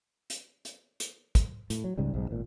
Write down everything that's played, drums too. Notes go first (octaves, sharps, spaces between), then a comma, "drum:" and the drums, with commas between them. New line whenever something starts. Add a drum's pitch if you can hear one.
drum: hi-hat
drum: hi-hat
drum: hi-hat
drum: kick, hi-hat
A2, drum: hi-hat
F#3
C#2 G#2 C#3 G3
B1 G#2
G#1 A#2